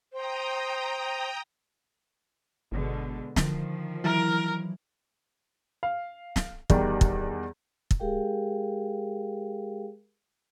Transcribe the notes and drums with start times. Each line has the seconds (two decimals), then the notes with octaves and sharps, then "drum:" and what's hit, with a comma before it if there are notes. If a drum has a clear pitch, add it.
0.13 C5 G5 A#5 D#6
2.72 G1 B2 D3 G#3
3.36 D3 D#3 F3, drum: snare
4.04 E3 F#3 E4 A#4
5.83 F5
6.36 drum: snare
6.70 E2 D#3 G3 G4 D5, drum: kick
7.01 drum: kick
7.91 drum: kick
8.00 G#3 G4 G#4 A#4 F5 G5